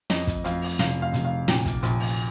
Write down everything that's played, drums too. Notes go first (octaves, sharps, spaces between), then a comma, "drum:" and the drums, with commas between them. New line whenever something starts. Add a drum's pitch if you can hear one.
F2 D#5, drum: snare
drum: kick, hi-hat
F2 F5, drum: hi-hat
drum: open hi-hat
F1 F5, drum: snare
F5
F1, drum: hi-hat
F5
A#2 G5, drum: snare
drum: kick, hi-hat
A#1, drum: hi-hat
drum: open hi-hat